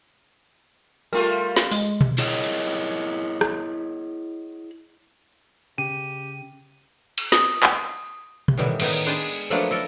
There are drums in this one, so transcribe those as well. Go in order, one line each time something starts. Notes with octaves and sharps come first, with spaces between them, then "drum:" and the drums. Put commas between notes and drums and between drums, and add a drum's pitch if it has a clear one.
G3 A3 F4 A#4
drum: snare
G#3, drum: open hi-hat
drum: tom B2
E4 G#4 C#5 D#5, drum: cymbal
drum: hi-hat
drum: rim click
C#3 G4 D#7
drum: cymbal
D#6, drum: snare
drum: clap
drum: tom B2
A2 D#3 E3 G3 B3
A2 D#3 B3 D#4, drum: cymbal
G#3 D4 G#4 B4 G5 A5
F3 F#3 A3 A#3 D4 B4
E4 A4 A#4